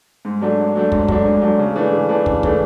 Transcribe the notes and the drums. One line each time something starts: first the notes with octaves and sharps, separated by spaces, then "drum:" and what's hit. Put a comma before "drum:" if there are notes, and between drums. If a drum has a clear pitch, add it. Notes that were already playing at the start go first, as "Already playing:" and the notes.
G#2
F#3 A3 D4
G#2
F#3 A3 D4
G#2, drum: kick
F#3 A3 D4, drum: kick
G#2
F#3 A3 D4
C#3
E3 A3 D4
C#3
E3 A3 D4
C#3, drum: kick
E3 A3 D4, drum: kick